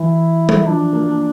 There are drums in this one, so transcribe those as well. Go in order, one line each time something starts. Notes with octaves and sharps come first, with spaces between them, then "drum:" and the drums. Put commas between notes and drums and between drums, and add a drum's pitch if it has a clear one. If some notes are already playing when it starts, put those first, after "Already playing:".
Already playing: E3 E4
drum: tom G3
F3 D4
A#3